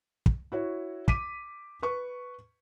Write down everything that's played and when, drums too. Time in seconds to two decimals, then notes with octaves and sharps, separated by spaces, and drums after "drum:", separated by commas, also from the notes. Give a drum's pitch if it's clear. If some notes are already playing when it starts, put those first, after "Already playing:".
0.26 drum: kick
0.52 E4 F#4 C#5
1.08 D6 B6 D#7, drum: kick
1.82 B4 C#6